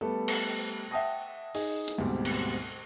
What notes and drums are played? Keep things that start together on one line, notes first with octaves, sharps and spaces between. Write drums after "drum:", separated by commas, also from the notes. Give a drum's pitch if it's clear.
G3 A3 B3 A4
drum: cymbal
E5 F#5 G5 A5 D#6 A#6
D#4 G#4, drum: open hi-hat
drum: hi-hat
D2 G#2 B2 G3 C4
drum: cymbal